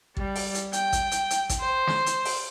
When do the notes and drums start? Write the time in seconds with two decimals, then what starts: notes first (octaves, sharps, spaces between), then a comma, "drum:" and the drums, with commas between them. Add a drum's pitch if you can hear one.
0.17 G3, drum: kick
0.36 drum: open hi-hat
0.55 drum: hi-hat
0.73 G5, drum: hi-hat
0.93 drum: kick, hi-hat
1.11 drum: hi-hat
1.30 drum: hi-hat
1.49 drum: kick, hi-hat
1.60 C5
1.87 drum: snare
2.06 drum: hi-hat
2.25 drum: open hi-hat